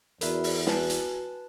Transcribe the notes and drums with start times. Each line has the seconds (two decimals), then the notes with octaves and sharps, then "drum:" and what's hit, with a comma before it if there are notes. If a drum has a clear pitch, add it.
0.21 E2 F#4 A#4 D5 E5 B5, drum: hi-hat
0.44 drum: open hi-hat
0.67 F#4 B4 G#5 A5, drum: snare
0.90 drum: hi-hat